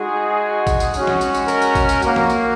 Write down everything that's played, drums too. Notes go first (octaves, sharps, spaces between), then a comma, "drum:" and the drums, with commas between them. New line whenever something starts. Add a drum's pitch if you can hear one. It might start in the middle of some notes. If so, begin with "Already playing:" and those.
Already playing: G#3 D#4 F#4 G#4
drum: kick A1, tambourine
drum: tambourine
G#3 C#4 F#4, drum: tambourine
drum: snare
drum: tambourine
drum: tambourine
A#4, drum: tambourine
drum: tambourine
drum: kick A1, tambourine
drum: tambourine
A#3 F#4, drum: tambourine
drum: snare
drum: tambourine